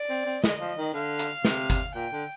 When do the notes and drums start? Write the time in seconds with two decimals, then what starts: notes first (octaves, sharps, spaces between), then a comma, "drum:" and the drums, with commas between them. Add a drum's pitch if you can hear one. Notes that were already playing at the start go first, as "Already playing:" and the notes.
Already playing: D5
0.10 C4
0.26 C4
0.44 G#3 D#5, drum: snare
0.60 F3
0.78 D#3
0.94 D3 F5
1.19 drum: hi-hat
1.45 C3, drum: snare
1.70 drum: kick G1, hi-hat
1.95 A#2 G5
2.12 D3